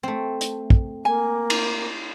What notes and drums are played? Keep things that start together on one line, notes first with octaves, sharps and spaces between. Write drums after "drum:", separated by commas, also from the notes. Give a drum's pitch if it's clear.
A3 C4
drum: hi-hat
drum: kick
A#3 G#5
drum: cymbal